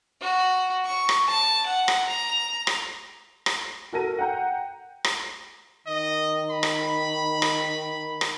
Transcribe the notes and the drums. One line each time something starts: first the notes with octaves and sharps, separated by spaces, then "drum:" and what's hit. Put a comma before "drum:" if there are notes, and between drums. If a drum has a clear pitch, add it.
F#4
C#6
drum: rim click
A5
F#5
drum: rim click
A#5
drum: rim click
drum: rim click
F#4 A4 A#4 A#6 D#7
F#5 G5 A#5 G6
drum: rim click
D#3 D#5
B5
drum: rim click
drum: rim click
drum: rim click